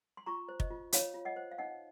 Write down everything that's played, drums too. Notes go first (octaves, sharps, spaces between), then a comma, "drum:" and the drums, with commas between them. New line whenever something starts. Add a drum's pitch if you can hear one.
C6
F4 A#5 C#6
C5
D#5, drum: kick
F4
F4 C#5 F5, drum: hi-hat
F4
D#5 F#5
C5
F5
D#4 D#5 F#5